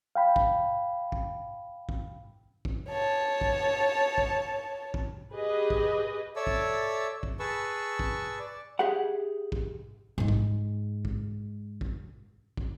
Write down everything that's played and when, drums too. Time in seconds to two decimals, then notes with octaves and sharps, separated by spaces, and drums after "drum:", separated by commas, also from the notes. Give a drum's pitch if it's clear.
0.15 F5 G5 B5
0.36 drum: kick
1.12 drum: kick
1.89 drum: kick
2.65 drum: kick
2.88 C#5 A5
3.41 drum: kick
4.18 drum: kick
4.94 drum: kick
5.32 G4 G#4 B4 D#5
5.70 drum: kick
6.36 A4 C#5 D5 E5 E6
6.47 drum: kick
7.23 drum: kick
7.40 G#4 B4 A5 C#6 E6
7.99 drum: kick
8.39 D5
8.79 G4 G#4 E5 F#5
9.52 drum: kick
10.18 G#2 G#3
10.28 drum: kick
11.05 drum: kick
11.81 drum: kick
12.57 drum: kick